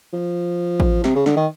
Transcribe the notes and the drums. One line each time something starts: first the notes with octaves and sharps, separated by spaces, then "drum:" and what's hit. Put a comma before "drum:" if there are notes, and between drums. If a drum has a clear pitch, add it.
F3
drum: kick A1
C3, drum: snare
C#3
D3, drum: snare
D#3